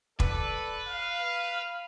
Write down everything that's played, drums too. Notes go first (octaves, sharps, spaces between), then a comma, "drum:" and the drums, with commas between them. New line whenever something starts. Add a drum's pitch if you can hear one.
A4 B4 D5, drum: kick
F5